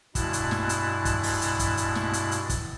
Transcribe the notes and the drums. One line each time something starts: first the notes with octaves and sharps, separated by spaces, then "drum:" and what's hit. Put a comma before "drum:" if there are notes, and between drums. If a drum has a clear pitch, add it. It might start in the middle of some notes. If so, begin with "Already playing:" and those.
G2 B2 G#3 E4 A5 F#6, drum: kick, hi-hat
drum: hi-hat
drum: snare
drum: hi-hat
drum: kick, hi-hat
drum: open hi-hat
drum: hi-hat
drum: kick, hi-hat
drum: hi-hat
drum: snare
drum: hi-hat
drum: hi-hat
drum: kick, hi-hat